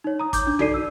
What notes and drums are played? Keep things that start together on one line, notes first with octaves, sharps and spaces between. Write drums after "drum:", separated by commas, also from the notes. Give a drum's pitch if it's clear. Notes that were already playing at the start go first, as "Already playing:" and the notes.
D#4 C#5
A#5 D#6
D6 G6, drum: kick, hi-hat
D4
D#4 F#4 A4 D5 C7 D#7, drum: tom B1
E6